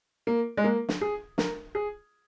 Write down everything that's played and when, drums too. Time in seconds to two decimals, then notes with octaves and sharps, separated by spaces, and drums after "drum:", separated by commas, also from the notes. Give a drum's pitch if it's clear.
0.27 A#3
0.57 G#3
0.64 A#3
0.89 drum: snare
1.01 G#4
1.38 A#4, drum: snare
1.75 G#4